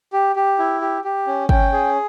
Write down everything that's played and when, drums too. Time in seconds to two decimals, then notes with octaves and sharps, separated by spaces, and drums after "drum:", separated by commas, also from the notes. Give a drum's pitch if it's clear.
0.13 G4
0.36 G4
0.59 E4
0.81 G4
1.04 G4
1.27 C#4
1.49 C#4 G5, drum: kick
1.72 G#4